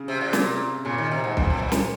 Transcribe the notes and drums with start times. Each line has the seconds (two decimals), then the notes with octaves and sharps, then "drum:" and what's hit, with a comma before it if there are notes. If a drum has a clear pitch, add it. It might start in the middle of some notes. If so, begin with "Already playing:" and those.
Already playing: C#3
0.08 C3
0.21 A#2
0.33 C3, drum: snare
0.85 A#2 C#3
0.98 D#3
1.11 C3
1.24 G#2
1.37 F#2 A#2, drum: kick
1.50 F2
1.62 F#2
1.72 drum: snare